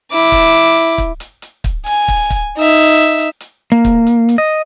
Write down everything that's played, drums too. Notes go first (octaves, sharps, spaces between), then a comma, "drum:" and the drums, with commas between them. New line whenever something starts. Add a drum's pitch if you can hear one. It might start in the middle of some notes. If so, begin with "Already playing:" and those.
E4 D6, drum: hi-hat
drum: kick, hi-hat
drum: hi-hat
drum: hi-hat
drum: kick, hi-hat
drum: hi-hat
drum: hi-hat
drum: kick, hi-hat
G#5, drum: hi-hat
drum: kick, hi-hat
drum: kick, hi-hat
D#4 E5
drum: hi-hat
drum: hi-hat
drum: hi-hat
drum: hi-hat
A#3
drum: kick, hi-hat
drum: hi-hat
drum: hi-hat
D#5